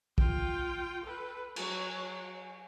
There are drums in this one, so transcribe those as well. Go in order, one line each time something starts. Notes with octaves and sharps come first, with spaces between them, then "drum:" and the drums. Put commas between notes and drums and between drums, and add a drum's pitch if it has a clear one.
F4 G5, drum: kick
A4 B4
F#3 C#5, drum: cymbal